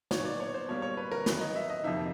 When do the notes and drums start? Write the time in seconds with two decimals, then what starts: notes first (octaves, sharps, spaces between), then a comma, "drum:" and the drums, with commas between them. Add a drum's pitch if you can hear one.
0.11 A#2 F#3 B3 D#4 C#5, drum: snare
0.25 D5
0.40 C#5
0.54 C5
0.68 B2 G3 A#3 C#5
0.82 C#5
0.97 B4
1.12 A#4
1.26 D#3 F#3 A#3 B4, drum: snare
1.41 D#5
1.56 E5
1.70 D#5
1.84 F2 C3 F3 A#3 D#4 E5